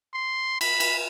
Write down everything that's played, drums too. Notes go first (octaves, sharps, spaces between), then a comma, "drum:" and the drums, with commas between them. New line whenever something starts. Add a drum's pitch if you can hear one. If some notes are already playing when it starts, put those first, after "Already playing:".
C6
B5, drum: cymbal
drum: cymbal